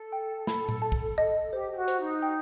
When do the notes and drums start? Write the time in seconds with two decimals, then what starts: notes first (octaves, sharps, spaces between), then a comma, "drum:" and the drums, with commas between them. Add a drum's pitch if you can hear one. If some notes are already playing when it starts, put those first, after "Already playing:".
Already playing: A4
0.12 G5
0.47 B5, drum: snare
0.69 drum: tom A#2
0.82 A5
0.92 drum: kick
1.18 D#5
1.53 G4 C5
1.71 G4
1.77 F#4
1.88 C5, drum: hi-hat
2.00 D#4
2.22 G5